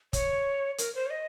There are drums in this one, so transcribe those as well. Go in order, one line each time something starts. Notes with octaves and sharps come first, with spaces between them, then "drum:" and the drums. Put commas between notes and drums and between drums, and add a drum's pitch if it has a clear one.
C#5, drum: kick, hi-hat
A#4, drum: hi-hat
C5
C#5
D#5